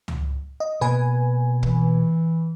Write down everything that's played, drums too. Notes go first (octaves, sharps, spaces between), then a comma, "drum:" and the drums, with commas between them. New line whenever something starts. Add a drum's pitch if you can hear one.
drum: tom C#2
D#5
B2 A#3 B4 G#5
E3, drum: kick